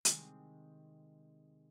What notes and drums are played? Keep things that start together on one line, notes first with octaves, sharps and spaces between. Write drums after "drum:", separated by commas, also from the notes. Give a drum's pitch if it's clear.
C3 D#3 G#3 C4, drum: hi-hat